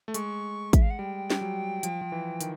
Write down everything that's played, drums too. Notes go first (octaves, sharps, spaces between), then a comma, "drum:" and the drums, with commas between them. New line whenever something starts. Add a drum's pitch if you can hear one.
A3
G#3 C#6, drum: hi-hat
E5, drum: kick, hi-hat
F5
F#5
G3 G5
G3, drum: snare
F#3
F3, drum: hi-hat
F3
E3
D#3, drum: hi-hat